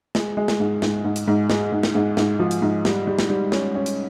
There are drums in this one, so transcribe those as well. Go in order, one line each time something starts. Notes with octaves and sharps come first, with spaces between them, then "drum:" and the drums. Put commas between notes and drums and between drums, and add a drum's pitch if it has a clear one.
G#3, drum: snare
G#3
drum: snare
G#2
G#2, drum: snare
G#2
drum: hi-hat
G#2
G#3, drum: snare
G#2
drum: snare
G#2
G#2, drum: snare
F3
drum: hi-hat
G#2
G3, drum: snare
G3
drum: snare
G3
C#4, drum: snare
C#4
drum: hi-hat